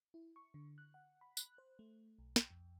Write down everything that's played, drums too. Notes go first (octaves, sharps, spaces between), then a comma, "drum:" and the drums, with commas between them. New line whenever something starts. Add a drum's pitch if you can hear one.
E4
C#6
D3
F#6
F#5
B5
F#6, drum: tambourine
C5
A3
B1
G5, drum: snare
F2